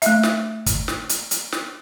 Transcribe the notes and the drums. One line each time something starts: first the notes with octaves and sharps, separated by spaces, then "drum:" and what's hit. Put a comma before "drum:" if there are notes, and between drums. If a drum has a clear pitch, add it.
A3 E5, drum: hi-hat
drum: snare
drum: kick, hi-hat
drum: snare
drum: hi-hat
drum: hi-hat
drum: snare